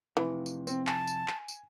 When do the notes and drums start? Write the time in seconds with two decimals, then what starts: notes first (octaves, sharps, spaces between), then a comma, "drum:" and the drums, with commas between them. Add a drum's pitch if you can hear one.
0.17 F2 C3 E3
0.46 drum: tambourine
0.67 C4, drum: tambourine
0.87 G#5 A5, drum: clap
1.07 drum: tambourine
1.28 drum: clap
1.48 drum: tambourine